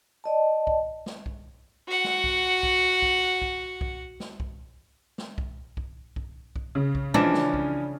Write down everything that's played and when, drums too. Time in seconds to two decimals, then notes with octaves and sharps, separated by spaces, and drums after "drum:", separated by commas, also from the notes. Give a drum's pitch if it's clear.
0.24 D5 D#5 A5
0.67 drum: kick B1
1.06 drum: snare
1.26 drum: kick B1
1.88 F#4 F#5
2.04 drum: snare
2.24 drum: kick B1
2.63 drum: kick B1
3.02 drum: kick B1
3.42 drum: kick B1
3.81 drum: kick B1
4.20 drum: snare
4.40 drum: kick B1
5.18 drum: snare
5.38 drum: kick B1
5.77 drum: kick B1
6.16 drum: kick B1
6.56 drum: kick B1
6.75 C#3
6.95 drum: kick B1
7.14 E3 F3 C#4 D4
7.34 drum: snare
7.54 drum: kick B1